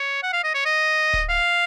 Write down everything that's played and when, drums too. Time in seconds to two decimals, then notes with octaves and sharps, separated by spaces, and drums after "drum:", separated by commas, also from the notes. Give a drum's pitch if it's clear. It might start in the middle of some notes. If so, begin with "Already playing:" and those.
Already playing: C#5
0.23 F#5
0.33 F5
0.44 D#5
0.54 C#5
0.66 D#5
1.13 drum: kick D1
1.29 F5